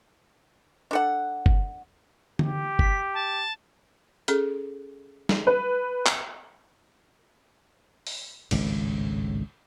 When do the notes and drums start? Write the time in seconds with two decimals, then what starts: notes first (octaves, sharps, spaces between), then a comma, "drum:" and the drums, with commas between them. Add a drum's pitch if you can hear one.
0.91 D4 A4 F#5
1.46 drum: kick
2.39 G4, drum: tom D3
2.79 B6, drum: kick
3.14 A5
4.28 C#4 G#4 A4, drum: hi-hat
5.29 drum: snare
5.47 B4
6.06 drum: clap
8.07 drum: open hi-hat
8.51 G#1 C#2 A2, drum: cymbal